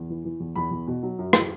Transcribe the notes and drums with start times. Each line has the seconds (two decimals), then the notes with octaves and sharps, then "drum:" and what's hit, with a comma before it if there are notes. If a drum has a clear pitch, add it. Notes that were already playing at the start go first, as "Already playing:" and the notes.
Already playing: E2
0.10 E3
0.25 E3
0.40 E2
0.56 E2 B5
0.71 E2
0.87 B2
1.03 F#3
1.19 F#2
1.33 E3, drum: rim click